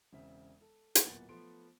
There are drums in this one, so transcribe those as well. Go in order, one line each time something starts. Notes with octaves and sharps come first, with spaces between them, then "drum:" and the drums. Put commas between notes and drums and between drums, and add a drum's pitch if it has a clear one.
E1 C#3 C4 E5
A4
drum: hi-hat
D1 A#2 B3 F#5 A6
F3 A3 B3 C6 D7